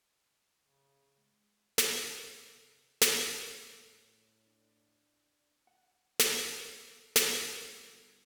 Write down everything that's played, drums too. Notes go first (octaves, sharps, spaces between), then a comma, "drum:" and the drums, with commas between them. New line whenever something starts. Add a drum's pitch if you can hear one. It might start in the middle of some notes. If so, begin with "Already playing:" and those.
C#3
G#3
C3, drum: snare
A2, drum: snare
D4
F#5
drum: snare
drum: snare
G1 F#4 G#6